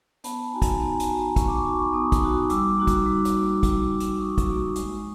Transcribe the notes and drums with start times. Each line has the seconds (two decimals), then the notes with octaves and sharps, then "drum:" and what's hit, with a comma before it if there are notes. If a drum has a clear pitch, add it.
0.24 B3 A5 B5, drum: hi-hat
0.52 D#4 F#4 G#5 A#5
0.62 drum: kick, hi-hat
0.80 B3 G#5 A#5
1.00 A#5 C6, drum: hi-hat
1.09 D#4 F#4
1.18 A#5 C6
1.36 B3 C#6, drum: kick, hi-hat
1.48 D6
1.58 C#6
1.65 D#4 F#4 D6
1.79 B5 C#6
1.93 B3 C#6 D#6
2.12 drum: kick, hi-hat
2.22 D#4 F#4
2.50 G3 D6 E6, drum: hi-hat
2.78 A#3 D#4 F#4
2.87 drum: kick, hi-hat
3.06 G3
3.25 drum: hi-hat
3.35 A#3 D#4 F#4
3.63 G3, drum: kick, hi-hat
3.91 A#3 D#4 F#4
4.00 drum: hi-hat
4.18 G3 C#6 D#6
4.38 drum: kick, hi-hat
4.47 A#3 D#4 F#4
4.76 G#3, drum: hi-hat